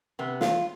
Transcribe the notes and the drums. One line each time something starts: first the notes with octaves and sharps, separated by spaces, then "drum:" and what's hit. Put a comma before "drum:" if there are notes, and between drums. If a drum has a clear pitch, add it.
C3 B3
E2 F4, drum: snare